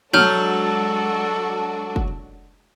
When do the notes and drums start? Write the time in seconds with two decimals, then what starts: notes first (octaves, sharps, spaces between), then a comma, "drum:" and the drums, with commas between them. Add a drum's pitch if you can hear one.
0.14 F#3 G#3 D4 F#4 A4 F6 G6, drum: tom
1.96 drum: kick